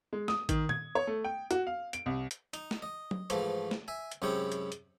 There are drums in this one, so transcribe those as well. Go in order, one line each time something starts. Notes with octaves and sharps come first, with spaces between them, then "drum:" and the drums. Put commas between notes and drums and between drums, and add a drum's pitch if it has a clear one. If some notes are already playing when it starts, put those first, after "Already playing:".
G#3
D#6, drum: snare
D#3, drum: kick A1, hi-hat
G#6, drum: tom A#2
C#5
A3
G5
F#4, drum: hi-hat
F5
D7, drum: hi-hat
C2
drum: hi-hat
D#4, drum: hi-hat
drum: snare
D#5
drum: tom F#3
G#2 E3 F3 A3, drum: hi-hat
drum: snare
E5 G#5
drum: hi-hat
F#2 C3 G#3 E4 C#5 G5
drum: hi-hat
drum: hi-hat